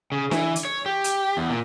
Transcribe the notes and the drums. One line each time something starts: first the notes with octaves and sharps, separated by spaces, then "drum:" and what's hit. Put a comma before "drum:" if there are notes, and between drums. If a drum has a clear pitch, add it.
C#3
E3, drum: snare D4
drum: hi-hat
C#5
G4
drum: hi-hat
E2
A#2